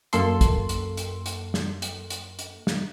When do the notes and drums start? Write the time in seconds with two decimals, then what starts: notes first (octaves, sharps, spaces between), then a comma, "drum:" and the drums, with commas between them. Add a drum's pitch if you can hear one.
0.13 F#2 A#3 A4 C6, drum: hi-hat
0.41 drum: kick, hi-hat
0.69 drum: hi-hat
0.97 drum: hi-hat
1.26 drum: hi-hat
1.54 drum: snare
1.82 drum: hi-hat
2.10 drum: hi-hat
2.39 drum: hi-hat
2.67 drum: snare